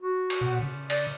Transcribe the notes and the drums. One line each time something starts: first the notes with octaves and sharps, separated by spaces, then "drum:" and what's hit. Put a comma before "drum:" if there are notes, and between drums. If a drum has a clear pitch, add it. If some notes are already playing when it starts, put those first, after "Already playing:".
F#4
drum: cymbal
B2 F#5
C#3
D5, drum: cymbal